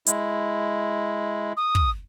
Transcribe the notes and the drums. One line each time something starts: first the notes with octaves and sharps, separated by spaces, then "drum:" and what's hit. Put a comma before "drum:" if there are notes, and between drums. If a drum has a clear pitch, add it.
G#3 E4, drum: hi-hat
D#6
drum: kick